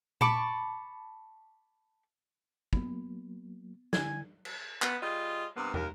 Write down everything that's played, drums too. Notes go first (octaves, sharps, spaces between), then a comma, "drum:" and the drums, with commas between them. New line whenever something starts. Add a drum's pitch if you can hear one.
A5 B5 C#6 D6, drum: tom A#2
F#3 A#3 B3, drum: kick
D3 E4 G#5, drum: snare
drum: cymbal
B3, drum: clap
G3 F4 G#4 D#5
G2 C3 A#3 B3
D#2 A#4, drum: tom